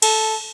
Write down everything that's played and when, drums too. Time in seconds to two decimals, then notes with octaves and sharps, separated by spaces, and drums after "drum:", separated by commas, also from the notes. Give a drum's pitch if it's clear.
0.02 A4, drum: cymbal